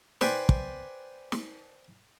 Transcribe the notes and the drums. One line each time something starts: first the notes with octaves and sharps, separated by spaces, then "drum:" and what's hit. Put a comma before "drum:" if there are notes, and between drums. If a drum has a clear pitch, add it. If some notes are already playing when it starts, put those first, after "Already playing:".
B4 C5 D5 G5 G#5, drum: snare
drum: kick
drum: snare